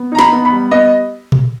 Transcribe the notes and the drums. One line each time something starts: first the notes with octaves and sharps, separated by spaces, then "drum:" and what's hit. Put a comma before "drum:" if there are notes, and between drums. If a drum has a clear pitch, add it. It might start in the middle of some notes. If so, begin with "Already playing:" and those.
Already playing: B3
D#4 A#5
B5, drum: snare
B3
B5
G3
B3 D#5
drum: tom A#2